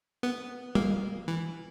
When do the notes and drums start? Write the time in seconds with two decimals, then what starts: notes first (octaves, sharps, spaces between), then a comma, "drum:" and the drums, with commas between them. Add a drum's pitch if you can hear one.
0.23 B3
0.75 A#3, drum: tom G3
1.28 E3